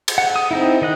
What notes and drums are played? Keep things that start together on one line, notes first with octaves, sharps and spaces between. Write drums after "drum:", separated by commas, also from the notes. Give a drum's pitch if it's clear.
drum: cymbal
F#5
D#6
C4 D#4 E4
D#3 D#5 F#5